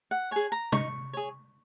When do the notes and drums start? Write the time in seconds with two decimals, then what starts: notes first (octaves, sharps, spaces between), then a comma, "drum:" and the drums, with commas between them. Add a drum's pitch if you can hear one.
0.11 F#5
0.31 G#4 C#5 G#5
0.52 A#5
0.72 D#4 C#6, drum: tom
1.13 G#4 C#5